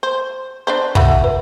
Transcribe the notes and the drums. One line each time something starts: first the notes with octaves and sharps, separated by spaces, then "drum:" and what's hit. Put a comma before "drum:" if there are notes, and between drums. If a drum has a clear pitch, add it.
C5
D4 B4 C5
C3 A3 F#4 B5, drum: kick
B4